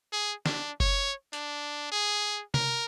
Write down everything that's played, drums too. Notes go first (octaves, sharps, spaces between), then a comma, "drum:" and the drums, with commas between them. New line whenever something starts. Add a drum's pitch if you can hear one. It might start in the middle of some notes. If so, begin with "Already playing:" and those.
G#4
D4, drum: snare
C#5, drum: kick F#1
D4, drum: hi-hat
G#4
A#4, drum: tom C3